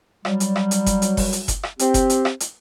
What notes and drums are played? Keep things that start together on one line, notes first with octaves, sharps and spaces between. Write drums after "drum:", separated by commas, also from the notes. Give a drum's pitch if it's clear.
F#3 G3, drum: rim click
drum: hi-hat
drum: rim click
drum: hi-hat
drum: kick F#1, hi-hat
drum: hi-hat
drum: kick F#1, open hi-hat
drum: hi-hat
drum: kick F#1, hi-hat
drum: rim click
C4 G4, drum: hi-hat
drum: kick F#1, hi-hat
drum: hi-hat
drum: rim click
drum: hi-hat